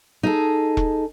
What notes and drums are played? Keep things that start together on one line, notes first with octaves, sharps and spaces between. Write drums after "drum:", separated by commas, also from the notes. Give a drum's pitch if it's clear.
D#4 G#4 A4
drum: kick E1